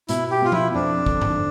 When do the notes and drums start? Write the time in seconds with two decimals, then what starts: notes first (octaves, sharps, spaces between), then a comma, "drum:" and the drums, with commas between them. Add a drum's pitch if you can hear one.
0.09 B2 E4, drum: hi-hat
0.31 G4
0.42 B3 F4
0.52 E4, drum: tom F3
0.74 F2 D4
1.06 D3, drum: kick
1.22 drum: tom G2